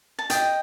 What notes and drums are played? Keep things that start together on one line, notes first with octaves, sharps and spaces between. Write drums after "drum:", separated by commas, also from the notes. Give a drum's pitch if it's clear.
A5
D#5 G5, drum: hi-hat